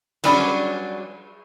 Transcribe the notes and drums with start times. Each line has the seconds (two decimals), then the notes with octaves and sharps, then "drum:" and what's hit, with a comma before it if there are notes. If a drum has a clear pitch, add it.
0.24 F#3 G3 C#4 D4 D5, drum: cymbal